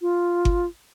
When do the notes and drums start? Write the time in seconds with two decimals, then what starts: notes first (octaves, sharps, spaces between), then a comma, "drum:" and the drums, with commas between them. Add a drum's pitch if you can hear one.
0.01 F4
0.45 drum: kick G1